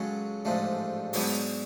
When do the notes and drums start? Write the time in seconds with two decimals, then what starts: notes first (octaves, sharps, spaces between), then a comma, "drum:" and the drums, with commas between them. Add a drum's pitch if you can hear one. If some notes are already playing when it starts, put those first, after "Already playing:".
Already playing: C#2 C#3 F#3 C#4 A4 C#5
0.45 A1 G#2 F3 A3 D4
1.13 G#2 F#3 B3 D4, drum: open hi-hat